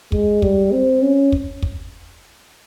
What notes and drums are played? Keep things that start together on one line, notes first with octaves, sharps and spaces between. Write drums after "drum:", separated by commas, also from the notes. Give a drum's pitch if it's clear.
G#3, drum: kick
G3, drum: kick
C4
C#4
drum: kick
drum: kick